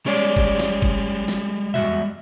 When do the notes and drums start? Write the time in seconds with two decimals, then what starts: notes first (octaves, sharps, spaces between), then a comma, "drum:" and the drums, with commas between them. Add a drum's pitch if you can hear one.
0.06 G3 G#3 C#4 C#5 D5
0.37 drum: kick G1
0.59 drum: snare
0.82 drum: kick G1
1.28 drum: snare
1.74 E2 F#4 E5, drum: tom